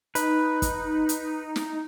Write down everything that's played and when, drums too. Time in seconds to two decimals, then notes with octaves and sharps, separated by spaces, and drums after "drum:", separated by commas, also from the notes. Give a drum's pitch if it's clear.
0.15 D#4 B4, drum: hi-hat
0.62 drum: kick, hi-hat
1.09 drum: hi-hat
1.56 drum: snare